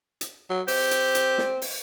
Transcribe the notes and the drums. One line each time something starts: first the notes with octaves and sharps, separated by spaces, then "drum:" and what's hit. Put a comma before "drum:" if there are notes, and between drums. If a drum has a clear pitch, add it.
drum: hi-hat
F#3
C4 G4, drum: open hi-hat
drum: hi-hat
drum: hi-hat
drum: snare
drum: open hi-hat